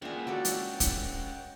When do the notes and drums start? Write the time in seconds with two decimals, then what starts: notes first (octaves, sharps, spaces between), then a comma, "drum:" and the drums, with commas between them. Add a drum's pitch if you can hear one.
0.02 C#2 A#3 D4 F4 G#4 E5 F#5 G5
0.27 F#4 A4 D5
0.45 drum: hi-hat
0.80 drum: kick, hi-hat